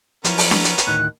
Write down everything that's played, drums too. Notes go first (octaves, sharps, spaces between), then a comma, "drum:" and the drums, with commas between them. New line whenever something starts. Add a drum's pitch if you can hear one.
F3 F#3 B3 C#4 E4 A#4, drum: hi-hat
drum: open hi-hat
drum: snare D4
drum: hi-hat
drum: hi-hat
D2 A2 D#3 F#6